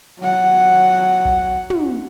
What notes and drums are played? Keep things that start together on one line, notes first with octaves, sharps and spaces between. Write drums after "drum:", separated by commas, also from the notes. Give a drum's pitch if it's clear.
F#3 F#5
drum: kick
drum: tom